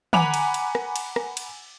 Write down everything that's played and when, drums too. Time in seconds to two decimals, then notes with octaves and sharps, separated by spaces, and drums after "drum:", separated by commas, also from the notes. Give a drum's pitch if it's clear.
0.13 F#5 G#5 A#5 B5 D6 F7, drum: tom
0.34 drum: cymbal
0.54 drum: cymbal
0.75 drum: rim click
0.96 drum: cymbal
1.16 drum: rim click
1.37 drum: cymbal